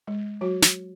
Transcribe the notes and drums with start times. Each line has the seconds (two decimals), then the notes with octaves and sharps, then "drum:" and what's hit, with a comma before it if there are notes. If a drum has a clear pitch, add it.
0.07 G#3
0.41 F#3 F#4
0.62 drum: snare